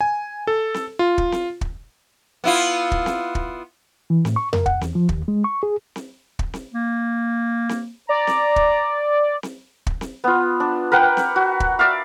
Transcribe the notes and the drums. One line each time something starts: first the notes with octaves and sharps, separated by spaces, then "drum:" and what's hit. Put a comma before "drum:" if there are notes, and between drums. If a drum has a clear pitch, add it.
G#5
A4
drum: snare C4
F4
drum: kick
drum: snare C4
drum: kick
B3 E4 F4
drum: kick
drum: snare C4
drum: kick
E3
A2, drum: snare C4
C#6
A#4, drum: tom F2
F#5, drum: kick
E2, drum: snare C4
F3
D#2, drum: kick
G#3
C#6
G#4
drum: snare C4
drum: kick
drum: snare C4
A#3
drum: snare C4
D5 A#5
drum: snare C4
drum: kick
drum: snare C4
drum: kick
drum: snare C4
B3 F4
D4
A#4 B4 F#5 G5
drum: snare C4
F#4
drum: kick
D5 E5 F5